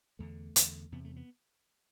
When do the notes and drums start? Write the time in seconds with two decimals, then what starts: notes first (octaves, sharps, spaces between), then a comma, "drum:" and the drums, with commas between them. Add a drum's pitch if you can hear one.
0.19 E2 D3 A3
0.56 E2 D3, drum: hi-hat
0.92 E2 C3 B3
1.05 A3
1.16 B3